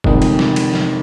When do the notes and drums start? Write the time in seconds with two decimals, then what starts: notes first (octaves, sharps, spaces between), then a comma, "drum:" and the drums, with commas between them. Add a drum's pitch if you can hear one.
0.04 G1 F2 C3 D#3 G#3, drum: kick F1
0.22 drum: cymbal
0.39 drum: snare
0.56 drum: cymbal
0.74 drum: snare